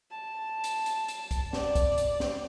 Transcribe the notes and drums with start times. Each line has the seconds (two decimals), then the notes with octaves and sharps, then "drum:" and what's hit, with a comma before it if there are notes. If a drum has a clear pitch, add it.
0.11 A5
0.64 drum: hi-hat
0.86 drum: hi-hat
1.08 drum: hi-hat
1.31 drum: kick, hi-hat
1.53 D5, drum: snare
1.75 drum: kick, hi-hat
1.98 drum: hi-hat
2.20 drum: snare